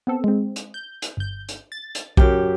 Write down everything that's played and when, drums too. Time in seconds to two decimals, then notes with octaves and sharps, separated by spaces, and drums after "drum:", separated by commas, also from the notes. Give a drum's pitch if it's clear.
0.07 B3 C4 A4
0.24 G#3 C4
0.56 drum: hi-hat
0.74 G6
1.02 drum: hi-hat
1.17 G1 G6
1.49 drum: hi-hat
1.72 A6
1.95 drum: hi-hat
2.17 F#2 G4, drum: kick A#1